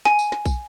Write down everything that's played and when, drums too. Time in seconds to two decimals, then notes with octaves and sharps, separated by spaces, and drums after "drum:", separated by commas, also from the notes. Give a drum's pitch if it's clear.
0.05 G#5, drum: snare
0.19 drum: tambourine
0.32 drum: snare
0.46 drum: kick, tambourine